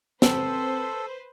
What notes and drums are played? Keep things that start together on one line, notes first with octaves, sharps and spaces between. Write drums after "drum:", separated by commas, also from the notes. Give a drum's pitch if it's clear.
C4 A4 B4 C5, drum: snare